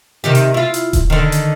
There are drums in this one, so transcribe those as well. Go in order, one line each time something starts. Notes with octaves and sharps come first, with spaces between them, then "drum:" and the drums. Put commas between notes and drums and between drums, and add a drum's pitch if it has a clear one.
C3 D#3 G4
drum: hi-hat
E4 F4
drum: hi-hat
drum: kick D#1, hi-hat
D3 D#3
drum: hi-hat